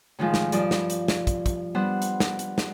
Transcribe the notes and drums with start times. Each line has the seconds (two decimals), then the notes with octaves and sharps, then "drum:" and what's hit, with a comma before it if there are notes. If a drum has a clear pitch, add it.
0.19 A2 D#3 F3 G#3 F4
0.34 drum: snare
0.52 G2 F3 D5 D#5, drum: hi-hat
0.71 drum: snare
0.90 drum: hi-hat
1.08 drum: snare
1.27 drum: kick, hi-hat
1.46 drum: kick, hi-hat
1.75 G3 B3 D4 C5 F#5
2.02 drum: hi-hat
2.20 drum: snare
2.39 drum: hi-hat
2.58 drum: snare